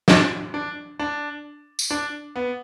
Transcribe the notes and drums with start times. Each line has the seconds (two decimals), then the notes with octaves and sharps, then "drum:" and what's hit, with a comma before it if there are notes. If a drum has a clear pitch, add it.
0.08 D4, drum: snare
0.54 D4
0.99 D4
1.79 drum: tambourine
1.91 D4
2.36 B3